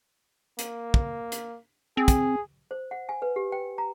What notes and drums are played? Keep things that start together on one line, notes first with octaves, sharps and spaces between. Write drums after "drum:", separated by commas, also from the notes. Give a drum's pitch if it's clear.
A#3, drum: hi-hat
drum: kick
drum: hi-hat
C4 G#4
drum: kick, hi-hat
C5
F#5
G#5
B4
G4
G5
A#5